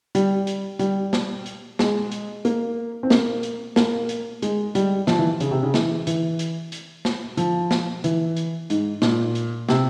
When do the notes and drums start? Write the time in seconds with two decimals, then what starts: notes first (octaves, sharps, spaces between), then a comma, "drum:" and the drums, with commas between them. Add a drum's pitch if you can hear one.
0.15 G3, drum: hi-hat
0.47 drum: hi-hat
0.79 G3, drum: hi-hat
1.13 drum: snare
1.46 drum: hi-hat
1.79 G#3, drum: snare
2.12 drum: hi-hat
2.45 A#3, drum: hi-hat
3.03 C4
3.10 A#3, drum: snare
3.43 drum: hi-hat
3.76 A#3, drum: snare
4.09 drum: hi-hat
4.42 G#3, drum: hi-hat
4.75 G3, drum: hi-hat
5.07 F3, drum: snare
5.19 E3
5.40 C#3, drum: hi-hat
5.51 C3
5.63 C#3
5.74 E3, drum: snare
6.07 E3, drum: hi-hat
6.39 drum: hi-hat
6.72 drum: hi-hat
7.05 drum: snare
7.37 F3, drum: hi-hat
7.71 drum: snare
8.04 E3, drum: hi-hat
8.36 drum: hi-hat
8.70 G#2, drum: hi-hat
9.02 A#2, drum: snare
9.35 drum: hi-hat
9.69 C3, drum: snare